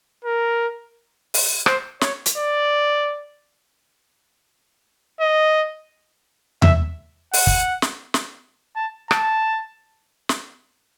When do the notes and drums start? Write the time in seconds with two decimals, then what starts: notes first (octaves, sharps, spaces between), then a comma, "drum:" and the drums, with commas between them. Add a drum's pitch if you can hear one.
0.25 A#4
1.34 drum: open hi-hat
1.66 C5, drum: rim click
2.01 C#5, drum: snare
2.26 drum: hi-hat
2.38 D5
5.21 D#5
6.62 E5, drum: tom E2
7.33 F#5, drum: open hi-hat
7.47 drum: kick
7.82 drum: snare
8.14 drum: snare
8.76 A5
9.11 A5, drum: rim click
10.29 drum: snare